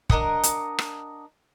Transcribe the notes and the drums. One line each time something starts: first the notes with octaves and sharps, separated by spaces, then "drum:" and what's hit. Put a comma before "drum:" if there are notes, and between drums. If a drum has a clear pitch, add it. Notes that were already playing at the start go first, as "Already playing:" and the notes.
D4 A#4 D#5 F#5, drum: kick
drum: hi-hat
drum: rim click